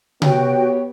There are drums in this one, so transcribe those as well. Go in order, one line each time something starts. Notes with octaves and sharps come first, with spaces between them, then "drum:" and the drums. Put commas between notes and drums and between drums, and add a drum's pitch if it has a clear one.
B3 F#4 G4 C#5 G5, drum: tom C3